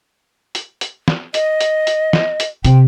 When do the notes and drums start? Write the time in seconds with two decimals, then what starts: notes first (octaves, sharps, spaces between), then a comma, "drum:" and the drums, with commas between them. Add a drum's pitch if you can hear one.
0.55 drum: hi-hat
0.81 drum: hi-hat
1.08 drum: snare
1.34 D#5, drum: hi-hat
1.61 drum: hi-hat
1.87 drum: hi-hat
2.13 drum: snare
2.40 drum: hi-hat
2.65 C3 G5, drum: hi-hat